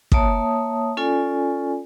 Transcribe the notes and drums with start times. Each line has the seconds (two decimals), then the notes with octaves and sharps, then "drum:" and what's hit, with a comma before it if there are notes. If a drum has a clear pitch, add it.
0.12 A#3 C#5 E5 A5 D#6, drum: kick
0.97 C#4 F4 A4 D5 G#5